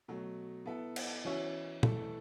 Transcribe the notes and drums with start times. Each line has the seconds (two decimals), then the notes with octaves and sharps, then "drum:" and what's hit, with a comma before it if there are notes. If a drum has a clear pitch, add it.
0.08 B2 F#3 A3
0.66 B3 E4 A4 E5
0.96 drum: cymbal
1.25 E3 C#4 F#4 C#5 E5
1.83 E3 A3 E4 A4, drum: tom